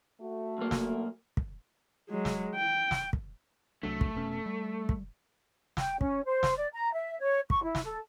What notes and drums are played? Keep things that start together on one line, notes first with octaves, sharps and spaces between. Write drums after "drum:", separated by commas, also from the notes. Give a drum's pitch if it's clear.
A3 F#4
B1 A#3
drum: snare
drum: kick
F#3 G#3
drum: snare
G5
drum: snare
drum: kick
C2 F#3 A3 D4
drum: kick
F1 B2 C#4
G3
drum: kick
G5, drum: snare
C#4, drum: kick
C5
drum: snare
D5
A#5
E5
C#5
C#6, drum: kick
E4
drum: snare
A4